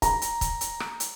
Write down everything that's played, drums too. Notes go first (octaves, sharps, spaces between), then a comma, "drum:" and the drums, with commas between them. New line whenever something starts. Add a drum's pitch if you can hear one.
A#5, drum: kick, hi-hat
drum: hi-hat
drum: kick, hi-hat
drum: hi-hat
drum: rim click
drum: hi-hat